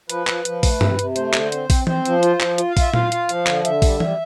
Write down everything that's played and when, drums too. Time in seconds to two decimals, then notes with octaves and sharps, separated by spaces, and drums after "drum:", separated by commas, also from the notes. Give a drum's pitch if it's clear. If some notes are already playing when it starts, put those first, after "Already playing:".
0.09 F3 B4, drum: hi-hat
0.27 F3, drum: clap
0.45 F3, drum: hi-hat
0.63 A3, drum: kick A#1, open hi-hat
0.81 C3, drum: tom G2
0.99 C3, drum: hi-hat
1.16 A3 C5, drum: hi-hat
1.34 D3, drum: clap
1.52 C4, drum: hi-hat
1.70 C4, drum: kick A#1, open hi-hat
1.87 C4 C5, drum: tom E3
2.05 F3, drum: hi-hat
2.23 F4, drum: hi-hat
2.41 F3, drum: clap
2.58 F4, drum: hi-hat
2.71 F5
2.77 F4 E5, drum: kick A#1, open hi-hat
2.94 F4 F5, drum: tom A#2
3.12 F4, drum: hi-hat
3.29 F3, drum: hi-hat
3.47 D3, drum: clap
3.65 D3 E5, drum: hi-hat
3.82 G3, drum: kick A#1, open hi-hat
4.00 G3, drum: tom E3